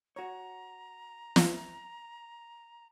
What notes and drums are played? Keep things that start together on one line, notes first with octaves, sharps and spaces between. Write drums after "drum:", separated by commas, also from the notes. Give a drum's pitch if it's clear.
F#4 C#5 A#5
drum: snare